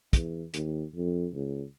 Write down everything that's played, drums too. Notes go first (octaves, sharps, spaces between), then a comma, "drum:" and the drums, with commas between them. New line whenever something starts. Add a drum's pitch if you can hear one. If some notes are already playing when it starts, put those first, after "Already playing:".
E2, drum: kick, hi-hat
D#2, drum: hi-hat
F2
C#2